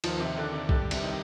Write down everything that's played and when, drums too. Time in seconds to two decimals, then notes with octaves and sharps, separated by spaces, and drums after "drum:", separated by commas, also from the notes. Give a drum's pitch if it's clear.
0.04 D#2 F3, drum: cymbal
0.20 C3
0.37 D3 D4
0.52 C3
0.69 D3 G3, drum: kick A#1
0.91 C3, drum: cymbal
1.02 D#3